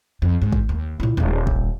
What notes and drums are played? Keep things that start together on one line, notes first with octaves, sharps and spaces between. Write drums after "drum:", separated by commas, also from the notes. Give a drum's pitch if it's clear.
F2
G#2
drum: kick
D#2
A#2 E4
D#1 G3
drum: kick